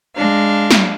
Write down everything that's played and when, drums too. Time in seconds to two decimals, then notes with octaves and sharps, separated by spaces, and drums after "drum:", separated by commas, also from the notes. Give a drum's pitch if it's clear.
0.15 G#3 D4 F5
0.71 drum: snare